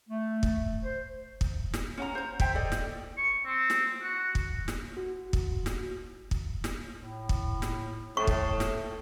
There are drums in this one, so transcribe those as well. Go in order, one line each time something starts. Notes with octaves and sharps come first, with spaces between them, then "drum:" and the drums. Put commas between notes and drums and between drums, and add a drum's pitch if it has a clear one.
A3
drum: kick
C5
drum: kick
drum: snare
C#4 F#5 A#5
C5 A#5
C5 E5 G5, drum: kick
A4 D5 D#5
drum: snare
C#6
C4
drum: snare
F#4
drum: kick
drum: snare
F#4
drum: kick
drum: snare
drum: kick
drum: snare
A2
drum: kick
drum: snare
A2 G5 A5 C#6 D#6
drum: kick
drum: snare